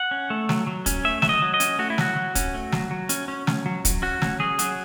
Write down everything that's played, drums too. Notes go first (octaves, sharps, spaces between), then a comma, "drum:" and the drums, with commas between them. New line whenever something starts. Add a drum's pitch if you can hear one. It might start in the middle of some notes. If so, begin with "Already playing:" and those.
Already playing: F#5
C#4
A3
F#3, drum: snare
F#3
C#4, drum: kick, hi-hat
A3 E5
F#3 E5, drum: snare
D#5
F#3
D#5
C#4, drum: hi-hat
A3 F#4
E4
F#3 F#4, drum: snare
F#3
C#4, drum: kick, hi-hat
A3
F#3, drum: snare
F#3
C#4, drum: hi-hat
C#4
C#4, drum: snare
F#3
F#3, drum: kick, hi-hat
C#4 F#4
C#4, drum: snare
F#3 G#4
F#3, drum: hi-hat